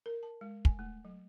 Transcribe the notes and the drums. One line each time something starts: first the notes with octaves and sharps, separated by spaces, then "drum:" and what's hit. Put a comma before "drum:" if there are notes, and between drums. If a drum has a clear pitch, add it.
A#4
A5
G#3
G#5, drum: kick
A3
F#3